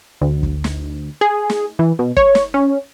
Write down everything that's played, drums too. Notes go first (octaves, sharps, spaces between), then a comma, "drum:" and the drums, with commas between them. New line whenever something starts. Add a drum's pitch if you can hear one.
D2
drum: kick
drum: snare
G#4
drum: snare
E3
B2
C#5, drum: kick
drum: snare
C#4